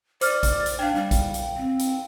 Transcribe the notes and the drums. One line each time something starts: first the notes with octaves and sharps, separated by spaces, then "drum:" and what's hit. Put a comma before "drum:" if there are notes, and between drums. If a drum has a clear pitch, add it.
C5 D5 D6 F6, drum: hi-hat
drum: kick A#1, hi-hat
drum: hi-hat
D4 F5 G5
G3
drum: kick A#1, hi-hat
drum: hi-hat
C4
drum: hi-hat